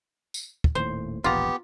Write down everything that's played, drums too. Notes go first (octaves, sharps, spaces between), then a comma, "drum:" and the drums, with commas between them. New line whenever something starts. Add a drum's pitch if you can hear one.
drum: tambourine
drum: kick
D#1 D#2 A2 C5
E1 A#1 B3 F4 G4 A#5